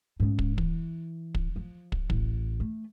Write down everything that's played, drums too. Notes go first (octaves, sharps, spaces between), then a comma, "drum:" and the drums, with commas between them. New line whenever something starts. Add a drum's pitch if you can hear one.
G#2 C#3
drum: kick
E3, drum: kick
drum: kick
F3
drum: kick
A1, drum: kick
A3